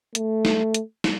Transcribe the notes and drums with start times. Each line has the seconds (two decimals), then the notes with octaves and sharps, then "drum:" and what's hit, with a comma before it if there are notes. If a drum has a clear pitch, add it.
0.15 A3, drum: hi-hat
0.45 drum: snare
0.74 drum: hi-hat
1.04 drum: snare